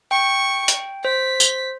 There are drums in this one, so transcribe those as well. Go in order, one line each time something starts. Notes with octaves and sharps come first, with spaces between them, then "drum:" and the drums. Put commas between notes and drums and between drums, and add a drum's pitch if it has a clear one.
G5 C#6
drum: hi-hat
C5 B6
drum: tambourine